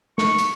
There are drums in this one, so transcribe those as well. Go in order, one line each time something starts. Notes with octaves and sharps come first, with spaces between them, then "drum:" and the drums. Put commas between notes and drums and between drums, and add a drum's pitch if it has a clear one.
C#6, drum: snare
drum: hi-hat